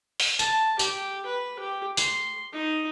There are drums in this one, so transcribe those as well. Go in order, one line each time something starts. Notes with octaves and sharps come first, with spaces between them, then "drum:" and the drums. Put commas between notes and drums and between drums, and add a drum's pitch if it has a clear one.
drum: open hi-hat
A5, drum: tambourine
G4, drum: tambourine
B4
G4
C6, drum: tambourine
D#4